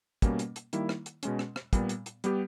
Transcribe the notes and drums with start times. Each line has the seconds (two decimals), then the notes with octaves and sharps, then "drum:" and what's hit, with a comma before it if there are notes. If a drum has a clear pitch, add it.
0.22 B2 G3 A#3 C#4, drum: kick, hi-hat
0.39 drum: hi-hat
0.56 drum: hi-hat
0.73 D#3 G3 A#3 E4, drum: hi-hat
0.89 drum: rim click
1.06 drum: hi-hat
1.23 B2 G#3 C#4, drum: hi-hat
1.39 drum: rim click
1.56 drum: rim click
1.73 A#2 G3 B3, drum: kick, hi-hat
1.89 drum: hi-hat
2.06 drum: hi-hat
2.24 G3 B3 G4, drum: hi-hat